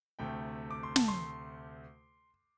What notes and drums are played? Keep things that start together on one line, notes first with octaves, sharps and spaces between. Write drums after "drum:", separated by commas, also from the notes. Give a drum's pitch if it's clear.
D2 C3 A3 G5
D6
C6
A5, drum: snare
C6